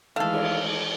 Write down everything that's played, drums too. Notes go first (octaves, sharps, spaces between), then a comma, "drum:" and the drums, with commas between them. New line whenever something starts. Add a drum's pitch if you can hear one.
D#3 E3 G#3 A3 A4 F5
drum: cymbal